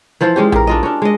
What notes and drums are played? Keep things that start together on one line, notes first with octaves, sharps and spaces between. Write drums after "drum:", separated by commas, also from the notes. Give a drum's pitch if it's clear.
E3 F3 F4 C5
G#3 C#4 G4
G4 A#4, drum: tom A#1
D4 F4 D#5
C#4 D4
G#3 D#5